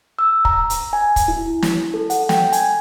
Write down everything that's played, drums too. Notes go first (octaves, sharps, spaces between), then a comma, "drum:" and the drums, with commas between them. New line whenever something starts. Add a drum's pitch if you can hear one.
E6
A#5, drum: kick
drum: hi-hat
G#5
drum: kick, hi-hat
E4
drum: snare
A4
F#5, drum: hi-hat
G5, drum: snare
G#5, drum: hi-hat